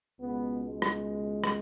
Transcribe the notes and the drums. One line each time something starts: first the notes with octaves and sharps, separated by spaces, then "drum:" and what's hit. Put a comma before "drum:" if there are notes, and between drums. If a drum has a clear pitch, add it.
C#2 B2 G#3 B3
G#3
drum: rim click
drum: rim click